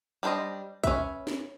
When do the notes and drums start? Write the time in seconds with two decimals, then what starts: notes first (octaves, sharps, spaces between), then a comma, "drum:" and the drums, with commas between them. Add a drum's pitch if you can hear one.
0.23 G3 D4 B4 C5 D#5
0.84 C#4 B4 E5, drum: kick, hi-hat
1.27 drum: snare